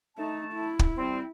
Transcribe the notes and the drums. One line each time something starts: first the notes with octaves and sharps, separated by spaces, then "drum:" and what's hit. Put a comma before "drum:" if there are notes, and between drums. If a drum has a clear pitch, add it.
A3 D#4 A5
E4
drum: kick
G3 C4